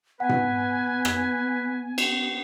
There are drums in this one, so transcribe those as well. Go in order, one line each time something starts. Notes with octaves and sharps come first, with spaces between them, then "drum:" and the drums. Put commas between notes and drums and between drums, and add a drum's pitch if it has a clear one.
B3 B4 F#5 G#5
drum: tom G#2
drum: rim click
drum: cymbal